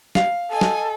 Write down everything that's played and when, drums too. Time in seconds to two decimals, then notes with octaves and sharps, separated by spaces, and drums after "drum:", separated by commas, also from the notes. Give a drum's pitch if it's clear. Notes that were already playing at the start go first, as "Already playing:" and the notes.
0.15 F5, drum: snare
0.51 A4 D#5 G#5
0.61 drum: snare